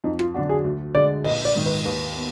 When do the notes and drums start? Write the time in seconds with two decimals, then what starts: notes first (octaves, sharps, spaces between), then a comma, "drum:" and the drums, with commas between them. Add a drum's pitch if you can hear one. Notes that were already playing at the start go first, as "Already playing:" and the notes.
0.04 F2 D#4
0.19 F4, drum: rim click
0.34 D3 F#3 D4 F#4
0.49 G#4
0.64 D2
0.95 D3 G#3 D5
1.24 A#1 D#5, drum: cymbal
1.45 D5
1.55 G#2 D#3
1.66 B4
1.85 D#2 B4
2.16 B3